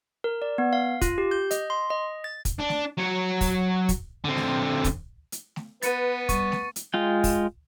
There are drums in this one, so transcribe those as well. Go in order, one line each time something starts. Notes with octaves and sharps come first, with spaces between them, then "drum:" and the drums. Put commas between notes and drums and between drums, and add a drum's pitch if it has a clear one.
A#4
D5
B3
F5
F4, drum: kick, hi-hat
G4
G6
D#5, drum: hi-hat
C6
D#5
A6
drum: kick, hi-hat
D4
drum: snare
F#3 C#5
drum: kick, open hi-hat
drum: kick, hi-hat
D3 C4
drum: snare
drum: kick, hi-hat
drum: hi-hat
drum: snare
B3 B4 A6 C#7 D#7, drum: hi-hat
G3 C#6, drum: kick, hi-hat
drum: snare
drum: hi-hat
G#3 F4 G5
drum: kick, open hi-hat